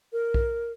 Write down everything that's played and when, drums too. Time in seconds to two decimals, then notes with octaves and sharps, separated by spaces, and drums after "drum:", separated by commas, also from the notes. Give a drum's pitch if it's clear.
0.13 A#4
0.34 drum: kick B1